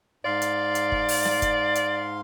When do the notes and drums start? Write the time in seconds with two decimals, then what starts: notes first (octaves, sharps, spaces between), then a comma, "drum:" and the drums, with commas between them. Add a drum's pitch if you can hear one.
0.25 G#2 D5 F5 C6
0.42 drum: hi-hat
0.75 drum: hi-hat
0.92 drum: kick
1.09 drum: open hi-hat
1.25 drum: snare
1.42 drum: kick, hi-hat
1.75 drum: hi-hat